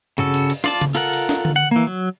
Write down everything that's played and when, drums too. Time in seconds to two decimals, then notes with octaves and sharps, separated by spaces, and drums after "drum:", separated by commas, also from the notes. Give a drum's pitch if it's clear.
0.18 C#3 F#4 A4, drum: tom G2
0.34 drum: cymbal
0.50 drum: cymbal
0.64 F4 D5 A5, drum: snare
0.81 drum: tom C#3
0.95 F4 A4 A#4 F#5, drum: cymbal
1.13 drum: cymbal
1.29 drum: snare
1.45 drum: tom D3
1.56 F#5
1.71 E3 A#3
1.87 F#3